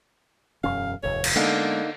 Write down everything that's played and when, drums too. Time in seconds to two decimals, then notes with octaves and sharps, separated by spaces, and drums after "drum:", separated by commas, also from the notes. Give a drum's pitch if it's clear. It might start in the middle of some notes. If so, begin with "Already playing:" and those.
0.64 E1 F#2 C#4 F5
1.03 F1 D#2 G#2 C#5
1.24 drum: cymbal
1.36 D3 G#3 A#3 B3 D#4